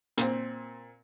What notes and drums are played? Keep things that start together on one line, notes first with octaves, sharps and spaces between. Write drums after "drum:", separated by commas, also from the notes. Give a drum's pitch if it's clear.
A#2 C4, drum: hi-hat